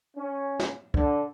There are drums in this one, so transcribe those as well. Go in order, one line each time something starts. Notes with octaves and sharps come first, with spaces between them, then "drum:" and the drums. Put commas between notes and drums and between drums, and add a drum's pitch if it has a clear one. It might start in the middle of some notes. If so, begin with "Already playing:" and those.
C#4
drum: snare
D3, drum: kick